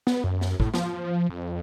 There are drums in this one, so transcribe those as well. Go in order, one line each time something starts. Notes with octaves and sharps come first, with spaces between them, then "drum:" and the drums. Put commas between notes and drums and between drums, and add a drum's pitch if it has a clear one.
B3, drum: snare
F#2
drum: snare
A2, drum: kick
F3, drum: snare
F2